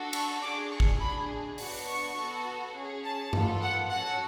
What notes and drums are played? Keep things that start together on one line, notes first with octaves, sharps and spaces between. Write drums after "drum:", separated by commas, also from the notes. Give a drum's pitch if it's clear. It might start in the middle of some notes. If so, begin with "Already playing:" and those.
Already playing: D4 F#4 A4
C#6, drum: cymbal
D4 G#4 D6
C#6
drum: kick G#1
D4 G#4 B5
B3 D4 F#4, drum: open hi-hat
C#6
B3 F#4 A4
C#4 G#4
A5
B3 F4 A4, drum: tom G2
F#5
C#4 F#4 A4 F#5